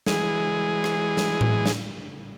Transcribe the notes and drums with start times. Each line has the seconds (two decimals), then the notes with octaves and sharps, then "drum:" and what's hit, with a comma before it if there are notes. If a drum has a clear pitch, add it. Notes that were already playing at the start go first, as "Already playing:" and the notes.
0.06 E3 G#3 G#4, drum: snare
0.84 drum: rim click
1.17 drum: snare
1.41 drum: tom A2
1.66 drum: snare